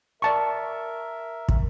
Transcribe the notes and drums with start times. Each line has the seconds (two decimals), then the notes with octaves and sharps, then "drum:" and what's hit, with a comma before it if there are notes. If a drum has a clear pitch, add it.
0.22 A#4 D5 E5 A5 C#6
1.49 drum: kick